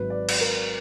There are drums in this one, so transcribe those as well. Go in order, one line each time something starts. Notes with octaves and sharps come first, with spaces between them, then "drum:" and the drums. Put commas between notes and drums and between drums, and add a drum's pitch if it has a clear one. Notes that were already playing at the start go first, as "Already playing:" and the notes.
Already playing: G#1 G#2 F#3 B4
D5
drum: cymbal
A#4